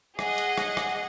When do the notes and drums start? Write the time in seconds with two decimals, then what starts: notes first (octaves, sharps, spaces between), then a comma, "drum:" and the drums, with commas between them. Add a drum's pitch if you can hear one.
0.19 G#4 D#5 F#5, drum: rim click
0.38 drum: hi-hat
0.58 drum: rim click
0.77 drum: rim click